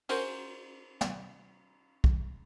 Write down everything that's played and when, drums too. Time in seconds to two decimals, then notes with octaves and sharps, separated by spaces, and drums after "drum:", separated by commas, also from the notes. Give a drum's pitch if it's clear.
0.09 C#4 F#4 A#4 C5, drum: cymbal
1.01 drum: snare
2.04 drum: kick